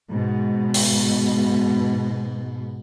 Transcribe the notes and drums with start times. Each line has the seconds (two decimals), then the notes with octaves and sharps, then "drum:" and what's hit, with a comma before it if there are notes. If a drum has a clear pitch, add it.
0.11 G#2 B2
0.74 drum: open hi-hat